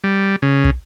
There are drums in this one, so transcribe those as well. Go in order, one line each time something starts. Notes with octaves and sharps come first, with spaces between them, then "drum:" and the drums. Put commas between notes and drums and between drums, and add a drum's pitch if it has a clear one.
G3
C#3
drum: kick